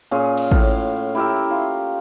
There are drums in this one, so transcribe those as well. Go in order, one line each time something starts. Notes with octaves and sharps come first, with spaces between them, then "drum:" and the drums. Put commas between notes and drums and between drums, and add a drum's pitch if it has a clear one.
A#2 C#4 F4 G#4
drum: cymbal
A2 F5, drum: kick A1
E4 G4 A#4 E5
F4